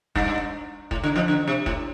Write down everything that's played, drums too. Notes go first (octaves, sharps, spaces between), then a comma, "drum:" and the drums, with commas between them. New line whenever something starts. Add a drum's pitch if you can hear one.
G2, drum: kick
A2, drum: kick
D3
F2 F3
D3
C3
A2, drum: kick